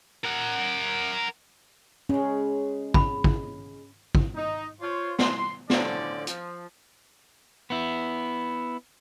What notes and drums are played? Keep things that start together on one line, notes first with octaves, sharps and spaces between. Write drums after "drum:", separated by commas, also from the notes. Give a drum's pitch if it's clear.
A#4 F#5
C#3 G#3 C#4
B5, drum: kick
drum: kick
drum: kick
D#4
F4 C5 C#5
C6, drum: snare
A2 D3 F3 C#4 C5 D5, drum: snare
F3, drum: hi-hat
B3 E4